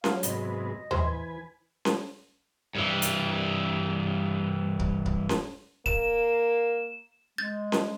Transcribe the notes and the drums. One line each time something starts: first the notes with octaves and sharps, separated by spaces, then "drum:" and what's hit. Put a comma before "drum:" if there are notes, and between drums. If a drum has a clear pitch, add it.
F#3 F5, drum: snare C#4
G#2 C3 B3 D#5, drum: hi-hat
E3 B4 C5 G#5, drum: tom D#2
drum: snare C#4
G2 E3
drum: hi-hat
drum: kick C#1
drum: kick C#1
drum: snare C#4
A#3 E7, drum: kick C#1
G#3 G6 A6
drum: snare C#4